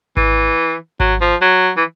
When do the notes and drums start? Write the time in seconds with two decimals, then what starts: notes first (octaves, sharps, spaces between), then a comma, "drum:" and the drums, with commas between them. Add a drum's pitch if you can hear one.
0.17 E3, drum: kick G#1
1.00 F#3, drum: kick G#1
1.21 F3
1.41 F#3
1.77 E3